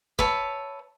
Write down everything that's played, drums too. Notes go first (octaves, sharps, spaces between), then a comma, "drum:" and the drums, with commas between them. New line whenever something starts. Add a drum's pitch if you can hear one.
B4 C#5 E5 A5, drum: kick